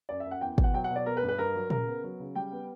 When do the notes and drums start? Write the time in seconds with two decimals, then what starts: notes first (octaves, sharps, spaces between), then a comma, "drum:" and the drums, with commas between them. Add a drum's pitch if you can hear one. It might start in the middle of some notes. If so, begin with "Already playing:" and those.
0.09 F#2 D5
0.20 E5
0.26 F#2
0.31 F#5
0.41 E2 G5
0.58 B2, drum: kick
0.64 F#5
0.74 F#3 G5
0.84 F#5
0.90 B2
0.96 D5
1.06 B3 A#4
1.17 B4
1.23 G2
1.28 B4
1.38 G2 A#4
1.55 F#3
1.70 C#3 A#4, drum: tom A#2
1.88 B3
2.04 F#3
2.20 C#3
2.35 G3 G5
2.52 B3